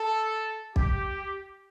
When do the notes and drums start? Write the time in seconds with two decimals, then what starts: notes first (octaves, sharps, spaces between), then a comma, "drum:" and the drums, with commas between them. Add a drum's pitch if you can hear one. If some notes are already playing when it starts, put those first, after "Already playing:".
Already playing: A4
0.76 G4, drum: kick